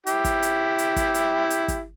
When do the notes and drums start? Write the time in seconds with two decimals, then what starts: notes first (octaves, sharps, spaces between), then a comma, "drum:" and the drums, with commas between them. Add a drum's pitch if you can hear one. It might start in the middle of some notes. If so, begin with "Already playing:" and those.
0.07 E4 G4, drum: hi-hat
0.24 drum: kick, hi-hat
0.42 drum: hi-hat
0.78 drum: hi-hat
0.96 drum: kick, hi-hat
1.14 drum: hi-hat
1.50 drum: hi-hat
1.68 drum: kick, hi-hat